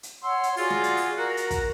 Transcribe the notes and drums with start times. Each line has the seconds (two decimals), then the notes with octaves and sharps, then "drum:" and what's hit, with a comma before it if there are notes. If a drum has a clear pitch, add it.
0.03 drum: hi-hat
0.23 C#5 F#5 C6 E6
0.43 drum: hi-hat
0.57 F4 F#4 G#4 D5, drum: open hi-hat
0.70 drum: snare
0.83 drum: hi-hat
0.97 drum: open hi-hat
1.17 F#4 A#4
1.37 drum: hi-hat
1.50 drum: kick, hi-hat